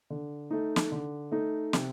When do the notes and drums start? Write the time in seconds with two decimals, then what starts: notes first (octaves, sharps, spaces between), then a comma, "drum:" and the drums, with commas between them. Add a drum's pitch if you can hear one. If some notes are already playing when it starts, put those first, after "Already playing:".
0.10 D3
0.51 A3 D#4
0.76 drum: snare
0.92 D3
1.31 A3 D#4
1.73 C3, drum: snare